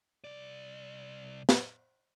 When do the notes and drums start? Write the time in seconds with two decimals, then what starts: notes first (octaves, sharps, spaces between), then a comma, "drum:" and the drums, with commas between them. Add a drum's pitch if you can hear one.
0.24 C2 D5
1.49 drum: snare